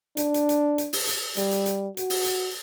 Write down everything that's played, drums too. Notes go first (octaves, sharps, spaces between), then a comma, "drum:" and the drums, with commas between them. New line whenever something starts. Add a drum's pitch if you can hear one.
D4, drum: hi-hat
drum: hi-hat
drum: hi-hat
drum: hi-hat
drum: open hi-hat
drum: hi-hat
G3, drum: hi-hat
drum: hi-hat
drum: hi-hat
F#4, drum: hi-hat
drum: open hi-hat
drum: hi-hat